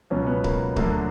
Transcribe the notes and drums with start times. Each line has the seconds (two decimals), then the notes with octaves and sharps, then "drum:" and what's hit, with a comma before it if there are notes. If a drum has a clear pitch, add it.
0.10 C#2 B2 F#3 C#4
0.26 B3
0.44 A#3, drum: kick C#1
0.76 D2 D3 F#3 A#3, drum: kick C#1